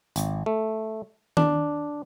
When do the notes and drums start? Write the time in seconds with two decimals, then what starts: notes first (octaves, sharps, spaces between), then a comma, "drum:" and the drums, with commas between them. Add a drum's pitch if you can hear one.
0.16 G#1, drum: hi-hat
0.46 A3
1.37 D4, drum: tom D#3